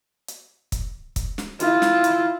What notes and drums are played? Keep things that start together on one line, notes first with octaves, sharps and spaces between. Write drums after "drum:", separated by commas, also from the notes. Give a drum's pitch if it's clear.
drum: hi-hat
drum: kick, hi-hat
drum: kick, hi-hat
drum: snare
E4 F4, drum: hi-hat
drum: snare
drum: hi-hat